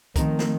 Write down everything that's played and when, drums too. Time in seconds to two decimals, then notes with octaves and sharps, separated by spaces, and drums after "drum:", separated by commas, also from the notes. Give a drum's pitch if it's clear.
0.16 D#3 F3 A3 C4 D#4 A#4, drum: kick, hi-hat
0.39 drum: snare